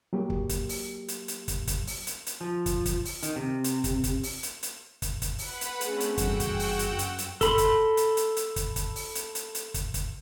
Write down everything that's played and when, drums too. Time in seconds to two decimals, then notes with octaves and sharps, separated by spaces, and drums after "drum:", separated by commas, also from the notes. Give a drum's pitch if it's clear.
0.13 F#3 A#3 G4
0.30 drum: kick
0.49 drum: kick, hi-hat
0.69 drum: open hi-hat
1.08 drum: hi-hat
1.28 drum: hi-hat
1.48 drum: kick, hi-hat
1.67 drum: kick, hi-hat
1.87 drum: open hi-hat
2.07 drum: hi-hat
2.26 drum: hi-hat
2.41 F3
2.66 drum: kick, hi-hat
2.86 drum: kick, hi-hat
3.05 drum: open hi-hat
3.23 D#3, drum: hi-hat
3.36 C3
3.64 drum: hi-hat
3.84 drum: kick, hi-hat
4.04 drum: kick, hi-hat
4.23 drum: open hi-hat
4.43 drum: hi-hat
4.63 drum: hi-hat
5.02 drum: kick, hi-hat
5.22 drum: kick, hi-hat
5.38 B4 F#5 B5, drum: open hi-hat
5.61 drum: hi-hat
5.81 A3 C4 C#4 G#4, drum: hi-hat
6.00 drum: hi-hat
6.18 F#1 E2 G2 F#4 F#5 G5 E6, drum: kick, hi-hat
6.40 drum: kick, hi-hat
6.59 drum: open hi-hat
6.79 drum: hi-hat
6.90 F#2
6.99 drum: hi-hat
7.18 drum: hi-hat
7.41 A4 B5 C6, drum: kick, hi-hat
7.58 drum: kick, hi-hat
7.97 drum: hi-hat
8.17 drum: hi-hat
8.37 drum: hi-hat
8.56 drum: kick, hi-hat
8.76 drum: kick, hi-hat
8.96 drum: open hi-hat
9.15 drum: hi-hat
9.35 drum: hi-hat
9.55 drum: hi-hat
9.74 drum: kick, hi-hat
9.94 drum: kick, hi-hat